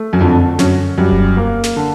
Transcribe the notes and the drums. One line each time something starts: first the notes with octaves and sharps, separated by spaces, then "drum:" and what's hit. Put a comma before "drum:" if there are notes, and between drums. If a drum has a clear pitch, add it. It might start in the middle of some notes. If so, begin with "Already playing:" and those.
Already playing: A3
F#2
F2 D3
F#2 C#4, drum: snare
F#2 G3
drum: kick E1
A#3
drum: snare
D3